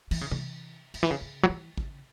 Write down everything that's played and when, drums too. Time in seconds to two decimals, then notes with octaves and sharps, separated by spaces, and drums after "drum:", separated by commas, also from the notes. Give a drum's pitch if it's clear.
0.11 E3, drum: cymbal
0.21 C#3
0.31 E3, drum: tom C3
0.94 C#3, drum: cymbal
1.03 E3
1.11 C#3
1.21 C#3
1.43 F#3
1.49 E3
1.78 C#3, drum: kick G#1